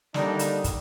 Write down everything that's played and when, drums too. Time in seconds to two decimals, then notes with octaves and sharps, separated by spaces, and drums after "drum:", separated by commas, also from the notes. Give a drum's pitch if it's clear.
0.14 D3 G3 A#3 D4 D#4, drum: snare
0.39 drum: hi-hat
0.64 drum: kick, hi-hat